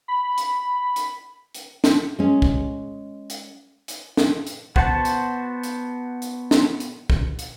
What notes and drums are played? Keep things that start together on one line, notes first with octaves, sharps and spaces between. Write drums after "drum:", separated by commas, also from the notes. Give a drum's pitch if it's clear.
B5
drum: hi-hat
drum: hi-hat
drum: hi-hat
drum: snare
G#3 C#4
drum: kick
drum: hi-hat
drum: hi-hat
drum: snare
drum: hi-hat
B3 F#4 C5 F#5 A5, drum: kick
drum: hi-hat
drum: hi-hat
drum: hi-hat
drum: snare
drum: hi-hat
drum: kick
drum: hi-hat